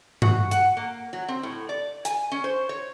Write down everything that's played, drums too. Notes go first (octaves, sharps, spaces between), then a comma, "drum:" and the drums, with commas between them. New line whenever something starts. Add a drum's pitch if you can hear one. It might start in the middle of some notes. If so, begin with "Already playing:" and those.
F#4, drum: tom G2
F#5, drum: hi-hat
A#3
F#3
C4
A2
D5
G#5, drum: hi-hat
C#4
C5
C#5